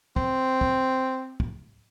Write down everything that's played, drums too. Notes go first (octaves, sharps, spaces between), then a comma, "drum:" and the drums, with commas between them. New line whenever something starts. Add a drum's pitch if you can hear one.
C4, drum: kick
drum: kick
drum: kick